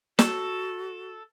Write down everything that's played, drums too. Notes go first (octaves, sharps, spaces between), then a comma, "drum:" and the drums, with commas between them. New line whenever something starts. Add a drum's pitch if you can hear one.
F#4 A4, drum: snare